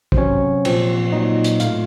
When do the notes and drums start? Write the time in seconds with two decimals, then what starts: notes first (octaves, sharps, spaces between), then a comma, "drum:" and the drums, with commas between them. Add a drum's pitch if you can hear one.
0.12 C5, drum: kick
0.17 C3 F#3 C4 C#4 C#5
0.65 A#2 F3 C4, drum: cymbal
1.12 A#2 F#3 C4 D#4 D#5
1.44 drum: hi-hat
1.60 A2 A3 C4 F4 F5, drum: hi-hat